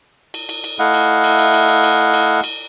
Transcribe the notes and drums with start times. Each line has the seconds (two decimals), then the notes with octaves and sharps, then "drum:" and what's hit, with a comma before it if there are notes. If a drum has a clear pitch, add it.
0.34 drum: cymbal
0.49 drum: cymbal
0.64 drum: cymbal
0.79 A3 E4 D#5 F5 F#5
0.94 drum: cymbal
1.24 drum: cymbal
1.39 drum: cymbal
1.54 drum: cymbal
1.69 drum: cymbal
1.84 drum: cymbal
2.14 drum: cymbal
2.44 drum: cymbal